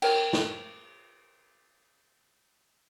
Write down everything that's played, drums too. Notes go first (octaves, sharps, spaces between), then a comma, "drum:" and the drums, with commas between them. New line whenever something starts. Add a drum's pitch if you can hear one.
A#4 C5 C#5 G5, drum: cymbal
drum: snare